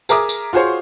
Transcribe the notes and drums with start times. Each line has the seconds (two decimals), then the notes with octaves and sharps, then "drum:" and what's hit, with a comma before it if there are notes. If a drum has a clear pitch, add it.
0.09 G#4 A#4 E5 D6 D#6, drum: tambourine
0.29 drum: tambourine
0.53 F4 F#4 G#4 C5 C#5